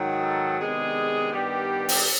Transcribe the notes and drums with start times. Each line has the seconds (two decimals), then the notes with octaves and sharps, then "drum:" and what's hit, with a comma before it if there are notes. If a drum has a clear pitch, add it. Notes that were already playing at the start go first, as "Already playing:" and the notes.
Already playing: G#2 D#3 F#3
0.22 A4
0.59 C3 D#3 G#3 B3 D4 G#4
1.32 G2 D#3 G3 B3 D4 G4
1.89 drum: open hi-hat